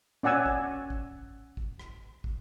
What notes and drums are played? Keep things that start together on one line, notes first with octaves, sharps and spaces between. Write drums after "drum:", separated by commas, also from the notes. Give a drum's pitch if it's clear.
C#4 D5 F#5 G#5 E6
drum: kick
drum: kick
drum: kick
drum: rim click
drum: kick